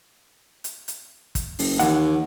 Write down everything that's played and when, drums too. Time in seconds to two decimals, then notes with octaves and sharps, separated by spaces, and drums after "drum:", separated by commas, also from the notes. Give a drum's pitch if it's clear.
0.64 drum: hi-hat
0.88 drum: hi-hat
1.35 drum: kick, hi-hat
1.59 F#1, drum: open hi-hat
1.79 D#2 E3 F#5, drum: hi-hat